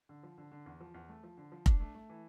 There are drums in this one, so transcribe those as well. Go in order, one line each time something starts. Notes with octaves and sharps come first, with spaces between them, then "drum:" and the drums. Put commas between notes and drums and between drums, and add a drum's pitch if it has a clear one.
D3
F3
D3
D3
E2
F3
E2
A3
F3
D3
F3
D4, drum: kick F1
A3
A3
E3